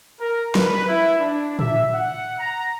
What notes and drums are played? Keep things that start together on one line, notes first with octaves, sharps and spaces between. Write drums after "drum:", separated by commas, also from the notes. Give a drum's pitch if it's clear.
A#4
B4, drum: snare
E4
D4
E5, drum: tom A2
F#5
A#5